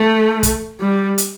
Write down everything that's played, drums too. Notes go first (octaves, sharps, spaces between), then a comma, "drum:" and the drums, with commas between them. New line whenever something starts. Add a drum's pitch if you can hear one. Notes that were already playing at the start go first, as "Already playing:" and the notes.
Already playing: A3
drum: kick, hi-hat
G3
drum: hi-hat